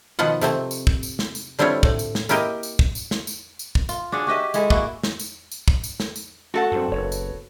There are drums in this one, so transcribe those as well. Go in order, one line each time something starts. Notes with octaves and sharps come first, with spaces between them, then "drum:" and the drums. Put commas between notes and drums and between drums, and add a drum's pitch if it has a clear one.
B2 D#3 F3 B3 F4 F#5
C3 A3 C4, drum: tambourine
drum: tambourine
drum: kick
drum: tambourine
drum: snare
drum: tambourine
D3 G3 C4 E4 F4 C#5
A2, drum: kick
drum: tambourine
drum: snare
A#3 E4 G4 A#4 D#5, drum: tambourine
drum: tambourine
drum: kick
drum: tambourine
drum: snare
drum: tambourine
drum: tambourine
drum: kick
F4, drum: tambourine
D4 F#4 G#4 C#5
F#4 G4 D#5 E5
G#3 E4 G#4 A4, drum: tambourine
A#3 E4 F#4, drum: kick
drum: snare
drum: tambourine
drum: tambourine
drum: kick
drum: tambourine
drum: snare
drum: tambourine
A3 F#4 A4 F#5
G2 F#3 C4
F#1 B3 C#5
drum: tambourine